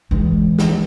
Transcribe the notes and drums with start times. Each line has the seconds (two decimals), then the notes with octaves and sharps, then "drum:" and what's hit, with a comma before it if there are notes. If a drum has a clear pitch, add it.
0.11 E3 G#3
0.59 drum: snare